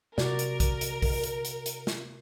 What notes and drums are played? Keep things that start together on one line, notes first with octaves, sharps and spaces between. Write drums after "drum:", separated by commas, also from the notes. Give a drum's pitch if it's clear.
C3 F#4 A#4 D5, drum: snare
drum: hi-hat
drum: kick B1, hi-hat
drum: hi-hat
drum: kick B1, open hi-hat
drum: hi-hat
drum: hi-hat
drum: hi-hat
drum: snare